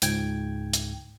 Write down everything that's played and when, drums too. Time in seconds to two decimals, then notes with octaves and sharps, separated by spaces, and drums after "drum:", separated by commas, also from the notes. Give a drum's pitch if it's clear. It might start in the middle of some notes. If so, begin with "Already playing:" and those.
0.02 C#2 G#2 G5 G#6, drum: hi-hat
0.73 drum: hi-hat